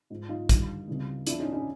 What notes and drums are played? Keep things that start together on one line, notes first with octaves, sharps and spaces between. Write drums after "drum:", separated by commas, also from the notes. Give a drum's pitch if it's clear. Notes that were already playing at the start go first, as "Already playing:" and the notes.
G#2 F3
D#4 F4
D#2 D3 G3, drum: kick, hi-hat
C#2 C3 E3 G3
E2 C3 F3 D4 E4, drum: hi-hat
C#4 D#4
C#4 D#4